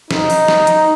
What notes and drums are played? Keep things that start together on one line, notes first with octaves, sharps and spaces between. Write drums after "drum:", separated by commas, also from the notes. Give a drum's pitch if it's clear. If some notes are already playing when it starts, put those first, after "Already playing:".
D#4, drum: snare
drum: open hi-hat
drum: snare
drum: hi-hat